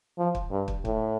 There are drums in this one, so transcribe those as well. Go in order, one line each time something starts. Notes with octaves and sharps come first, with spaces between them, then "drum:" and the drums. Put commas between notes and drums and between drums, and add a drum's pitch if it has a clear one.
F3
drum: kick
G2
drum: kick
A2, drum: kick